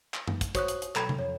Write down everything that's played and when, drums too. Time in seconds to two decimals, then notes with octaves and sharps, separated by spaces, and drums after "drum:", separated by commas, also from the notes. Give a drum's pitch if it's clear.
0.14 drum: clap
0.28 drum: tom F#2
0.41 drum: kick, hi-hat
0.55 F#4 C5 C#5 D#6 F#6, drum: kick, hi-hat
0.68 drum: hi-hat
0.82 drum: hi-hat
0.96 B1 A4 G5 A#5 B5 G#6, drum: clap
1.09 drum: tom C3
1.19 F2 C#5